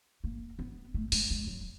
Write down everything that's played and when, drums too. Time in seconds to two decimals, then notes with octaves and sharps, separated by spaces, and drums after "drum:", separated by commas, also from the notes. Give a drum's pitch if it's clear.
0.24 A#3
0.59 B3
0.94 A3
1.12 G#3, drum: open hi-hat
1.30 G#3
1.47 F#3